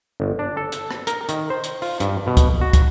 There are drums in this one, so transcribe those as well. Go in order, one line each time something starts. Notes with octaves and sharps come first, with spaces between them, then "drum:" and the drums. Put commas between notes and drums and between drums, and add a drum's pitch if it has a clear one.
G1
D4
A4
drum: hi-hat
drum: rim click
A#4, drum: hi-hat
D#3, drum: hi-hat
C5
drum: hi-hat
F4, drum: open hi-hat
G2, drum: hi-hat
B2
drum: kick, hi-hat
F#4
drum: kick, hi-hat